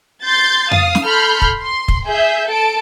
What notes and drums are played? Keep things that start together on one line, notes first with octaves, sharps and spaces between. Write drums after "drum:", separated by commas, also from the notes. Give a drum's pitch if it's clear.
C6 G6 A6
F5 D#6, drum: tom F2
drum: snare
A4 B5 C6 F6 G6
drum: kick
C6
drum: kick
G#4 E5 G6
A4 A5 D7